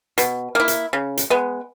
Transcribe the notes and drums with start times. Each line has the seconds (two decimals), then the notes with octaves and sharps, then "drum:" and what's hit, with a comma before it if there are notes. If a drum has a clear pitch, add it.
0.18 B2, drum: hi-hat
0.55 A#3 E4
0.68 drum: hi-hat
0.93 C#3
1.17 drum: hi-hat
1.30 G#3 B3